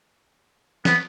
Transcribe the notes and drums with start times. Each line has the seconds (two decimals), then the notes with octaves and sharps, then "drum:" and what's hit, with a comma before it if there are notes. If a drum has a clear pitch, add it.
0.85 B3, drum: snare